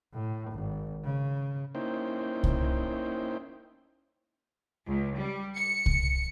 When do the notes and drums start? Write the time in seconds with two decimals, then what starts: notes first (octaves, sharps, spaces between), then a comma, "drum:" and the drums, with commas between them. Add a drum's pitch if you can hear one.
0.13 A2
0.51 G#1
1.03 C#3
1.75 A#3 C#4 D#4 E4 C5 G5
2.44 drum: kick C2
4.86 C#2
5.16 G3
5.55 C#7
5.86 drum: kick C2